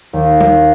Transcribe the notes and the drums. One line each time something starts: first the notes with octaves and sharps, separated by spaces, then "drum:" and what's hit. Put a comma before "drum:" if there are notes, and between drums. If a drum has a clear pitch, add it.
D#2
drum: tom